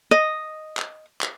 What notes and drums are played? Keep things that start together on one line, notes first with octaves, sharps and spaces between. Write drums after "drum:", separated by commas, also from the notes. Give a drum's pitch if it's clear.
D#5
drum: clap
drum: clap